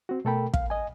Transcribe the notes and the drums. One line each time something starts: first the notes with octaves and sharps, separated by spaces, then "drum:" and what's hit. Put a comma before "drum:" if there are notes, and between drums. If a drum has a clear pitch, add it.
C4 F#4
B2 A3 A4 A#4 G5 B5
F5, drum: kick
D#5 G#5